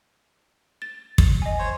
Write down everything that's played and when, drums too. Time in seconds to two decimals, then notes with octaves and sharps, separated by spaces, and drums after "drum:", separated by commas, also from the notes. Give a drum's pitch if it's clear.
0.82 A6
1.18 drum: kick
1.42 D#5 G#5
1.59 C5 C#5